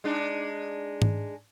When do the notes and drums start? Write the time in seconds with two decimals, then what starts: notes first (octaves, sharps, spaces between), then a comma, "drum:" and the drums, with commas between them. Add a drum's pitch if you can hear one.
0.04 G#3 D4 D#4
1.02 drum: tom G#2